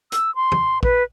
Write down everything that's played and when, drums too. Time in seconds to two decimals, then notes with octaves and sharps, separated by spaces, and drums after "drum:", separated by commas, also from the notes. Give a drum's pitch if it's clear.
0.12 E6, drum: hi-hat
0.35 C6
0.52 drum: tom
0.83 B4, drum: kick